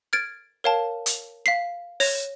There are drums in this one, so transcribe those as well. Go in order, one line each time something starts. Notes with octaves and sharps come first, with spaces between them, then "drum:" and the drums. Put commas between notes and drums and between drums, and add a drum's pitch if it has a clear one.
F6 G#6 A6 D7
A#4 C#5 F5 G5 A5
drum: hi-hat
F5 B6 C7
C#5 A#6 F7, drum: open hi-hat